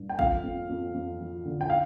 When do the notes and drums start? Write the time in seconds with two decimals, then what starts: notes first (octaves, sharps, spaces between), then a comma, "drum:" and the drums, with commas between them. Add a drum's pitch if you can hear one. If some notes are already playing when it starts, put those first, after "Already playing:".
Already playing: G2
0.09 G5
0.19 F2 F5, drum: kick
0.43 F2
0.69 F2
0.94 F2
1.20 F3
1.45 D3
1.61 G5
1.70 F5